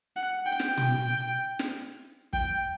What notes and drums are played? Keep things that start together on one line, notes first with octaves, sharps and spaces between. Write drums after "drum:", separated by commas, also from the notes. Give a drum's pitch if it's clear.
F#5
G5
drum: snare
G5, drum: tom
drum: snare
G5, drum: kick